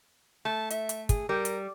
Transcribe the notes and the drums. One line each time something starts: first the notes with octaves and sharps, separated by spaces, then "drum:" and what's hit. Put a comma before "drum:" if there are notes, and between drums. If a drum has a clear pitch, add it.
A3 A5
E5, drum: hi-hat
drum: hi-hat
G#4, drum: kick, hi-hat
G3 A#4
drum: hi-hat